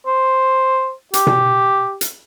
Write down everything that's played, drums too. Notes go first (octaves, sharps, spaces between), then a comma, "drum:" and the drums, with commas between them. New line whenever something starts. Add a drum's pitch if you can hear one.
C5
G4, drum: hi-hat
drum: tom B2
drum: hi-hat